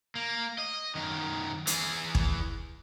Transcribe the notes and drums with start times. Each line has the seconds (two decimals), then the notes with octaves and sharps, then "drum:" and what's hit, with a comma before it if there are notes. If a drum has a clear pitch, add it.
0.15 A#3
0.58 D#5
0.95 F#2 D#3
1.67 E3 G#4, drum: hi-hat
2.15 drum: kick